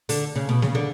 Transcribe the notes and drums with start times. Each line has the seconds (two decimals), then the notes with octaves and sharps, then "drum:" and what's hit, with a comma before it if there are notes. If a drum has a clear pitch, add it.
0.09 D3, drum: open hi-hat
0.36 C#3
0.49 B2
0.62 C#3, drum: snare
0.75 D3